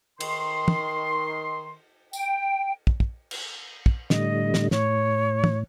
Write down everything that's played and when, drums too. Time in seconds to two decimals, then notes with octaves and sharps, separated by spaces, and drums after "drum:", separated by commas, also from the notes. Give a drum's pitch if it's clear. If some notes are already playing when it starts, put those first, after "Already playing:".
0.20 D#3 C6, drum: cymbal
0.68 drum: tom
2.13 G5, drum: tambourine
2.87 drum: kick
3.00 drum: kick
3.31 drum: cymbal
3.86 drum: kick
4.10 A2 D3 G3 D#5, drum: snare
4.54 drum: snare
4.71 A2 C#5, drum: snare
5.44 drum: tom